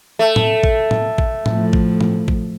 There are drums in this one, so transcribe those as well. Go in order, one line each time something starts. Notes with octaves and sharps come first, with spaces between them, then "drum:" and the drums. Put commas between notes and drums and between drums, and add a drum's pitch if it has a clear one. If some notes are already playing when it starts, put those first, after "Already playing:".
A3
drum: tom A2
drum: kick A1
drum: tom A2
drum: kick A1
A2 F3, drum: tom A2
drum: kick A1
drum: tom A2
drum: kick A1